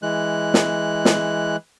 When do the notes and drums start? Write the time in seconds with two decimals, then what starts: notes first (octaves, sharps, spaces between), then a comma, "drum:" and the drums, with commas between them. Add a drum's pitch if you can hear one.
0.03 E3 G#3 F#6
0.54 drum: snare
1.05 drum: snare